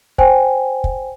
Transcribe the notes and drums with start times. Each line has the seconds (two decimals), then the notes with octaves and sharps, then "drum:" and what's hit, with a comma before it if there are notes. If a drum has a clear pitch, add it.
0.18 C5 G5 G#5, drum: kick
0.84 drum: kick